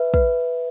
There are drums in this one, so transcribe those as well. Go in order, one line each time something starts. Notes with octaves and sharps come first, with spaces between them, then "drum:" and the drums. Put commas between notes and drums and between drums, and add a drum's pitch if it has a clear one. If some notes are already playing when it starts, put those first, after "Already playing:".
Already playing: B4 E5
B4, drum: kick